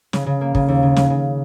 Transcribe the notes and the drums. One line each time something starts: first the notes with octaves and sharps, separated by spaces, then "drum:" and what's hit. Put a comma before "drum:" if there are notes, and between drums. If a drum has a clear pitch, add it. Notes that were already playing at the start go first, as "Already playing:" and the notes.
C#3, drum: snare
C#3
A#3
C#3, drum: kick
D#2
C#3
C#3, drum: snare
C#3